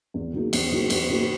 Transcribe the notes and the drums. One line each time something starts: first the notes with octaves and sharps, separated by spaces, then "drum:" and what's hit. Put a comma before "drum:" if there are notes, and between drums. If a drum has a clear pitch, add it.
E2
C#3 F#3 A#3 D#4
E2, drum: cymbal
C#3 F#3 A#3 D#4
E2, drum: cymbal
C#3 F#3 A#3 D#4